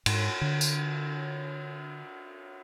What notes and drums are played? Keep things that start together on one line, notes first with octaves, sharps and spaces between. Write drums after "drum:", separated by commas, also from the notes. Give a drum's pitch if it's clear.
G#2, drum: cymbal
D3
drum: tambourine